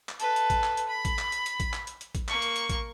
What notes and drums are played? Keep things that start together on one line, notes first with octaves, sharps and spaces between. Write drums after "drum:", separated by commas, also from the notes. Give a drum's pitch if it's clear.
drum: clap
A4 B4, drum: hi-hat
drum: hi-hat
drum: kick A1, hi-hat
drum: clap
drum: hi-hat
B5
drum: kick A1, hi-hat
drum: clap
drum: hi-hat
drum: hi-hat
drum: kick A1, hi-hat
drum: clap
drum: hi-hat
drum: hi-hat
drum: kick A1, hi-hat
A#3 C#6, drum: clap
drum: hi-hat
drum: hi-hat
drum: kick A1, hi-hat